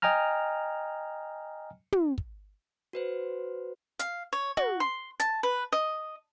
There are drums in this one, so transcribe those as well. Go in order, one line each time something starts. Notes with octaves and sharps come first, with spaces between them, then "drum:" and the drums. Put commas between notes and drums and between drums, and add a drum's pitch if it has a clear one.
D#5 G5 G#5 A#5 F6
drum: tom
drum: kick
F#4 B4 C5
F5, drum: hi-hat
C#5
F#4, drum: tom
C6
A5, drum: hi-hat
B4
D#5